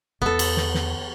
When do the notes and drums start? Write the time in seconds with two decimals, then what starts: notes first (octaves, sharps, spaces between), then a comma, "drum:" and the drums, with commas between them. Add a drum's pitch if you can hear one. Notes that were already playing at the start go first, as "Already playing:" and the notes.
0.22 E2 B3 A4
0.39 drum: cymbal
0.57 drum: snare
0.74 drum: snare